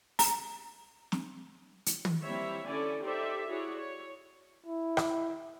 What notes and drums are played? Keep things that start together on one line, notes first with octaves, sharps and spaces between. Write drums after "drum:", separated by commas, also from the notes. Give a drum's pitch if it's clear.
A#5, drum: open hi-hat
drum: snare
drum: hi-hat
drum: tom
G3 A#3 C4 E4 C#5 E5
D3 C#4 E4 A4 D5 G#5
D#4 G4 A4 C5 D5 E5
E4 F#4 G#4 C#5 D5
C#5
E4
drum: rim click